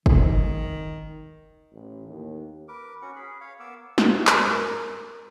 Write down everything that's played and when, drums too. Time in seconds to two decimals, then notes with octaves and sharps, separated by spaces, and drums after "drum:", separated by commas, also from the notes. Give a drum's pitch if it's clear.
0.06 D#3, drum: kick
1.73 A1
2.08 D#2
2.68 A#4 B4 D6
3.02 C#4 F#4 F#5
3.16 G#4 B5
3.41 C#5 F5
3.60 B3 A#4 D6 E6
3.98 drum: snare
4.27 drum: clap
4.47 A#4